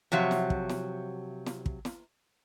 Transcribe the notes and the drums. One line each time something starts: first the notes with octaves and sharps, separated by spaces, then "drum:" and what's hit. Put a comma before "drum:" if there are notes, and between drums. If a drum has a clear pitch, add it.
C3 F3 F#3 E5
drum: snare
drum: kick
drum: snare
drum: snare
drum: kick
drum: snare